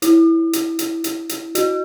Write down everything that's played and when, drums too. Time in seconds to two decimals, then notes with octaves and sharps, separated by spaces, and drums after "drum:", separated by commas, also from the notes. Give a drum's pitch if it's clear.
0.02 E4, drum: hi-hat
0.53 drum: hi-hat
0.79 drum: hi-hat
1.04 drum: hi-hat
1.29 drum: hi-hat
1.55 F#4, drum: hi-hat